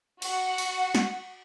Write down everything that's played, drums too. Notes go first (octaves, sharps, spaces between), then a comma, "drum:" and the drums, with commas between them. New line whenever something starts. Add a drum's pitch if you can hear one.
F#4 F#5, drum: cymbal
drum: cymbal
drum: snare